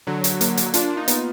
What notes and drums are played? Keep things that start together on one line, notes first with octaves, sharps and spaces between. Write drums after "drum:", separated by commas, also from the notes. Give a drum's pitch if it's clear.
D3 F#3
drum: hi-hat
A#3, drum: hi-hat
drum: hi-hat
D4 F4, drum: hi-hat
D#4
B3, drum: hi-hat